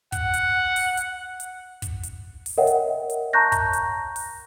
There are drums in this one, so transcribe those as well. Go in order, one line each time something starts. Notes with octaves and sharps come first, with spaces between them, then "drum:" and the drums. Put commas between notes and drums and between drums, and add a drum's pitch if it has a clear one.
F#5, drum: kick, hi-hat
drum: hi-hat
drum: open hi-hat
drum: hi-hat
drum: hi-hat
drum: kick, hi-hat
drum: hi-hat
drum: open hi-hat
A#4 C#5 D#5 E5 F#5 G5
drum: hi-hat
drum: hi-hat
A5 A#5 C#6 F#6 G6 A#6
drum: kick, hi-hat
drum: hi-hat
drum: open hi-hat